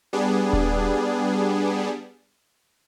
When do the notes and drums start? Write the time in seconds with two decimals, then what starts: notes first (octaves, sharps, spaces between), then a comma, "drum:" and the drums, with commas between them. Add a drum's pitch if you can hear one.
0.13 G3 B3 D4 G#4
0.53 drum: kick D#1